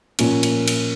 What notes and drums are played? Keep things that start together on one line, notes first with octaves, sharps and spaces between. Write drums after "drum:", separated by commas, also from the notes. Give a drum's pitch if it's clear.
A#2 F3 A#3 C#4, drum: cymbal
drum: cymbal
drum: cymbal